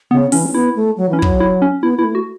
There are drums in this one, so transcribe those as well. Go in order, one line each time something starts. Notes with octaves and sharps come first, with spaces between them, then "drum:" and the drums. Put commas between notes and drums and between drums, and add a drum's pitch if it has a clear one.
C#3 B3
E3 C#4, drum: open hi-hat
C#4
B3 E4
A3
F#3
E3 C#4
E4
F#3, drum: kick
E4
C#4
B3 E4
B3 E4
A3
F#4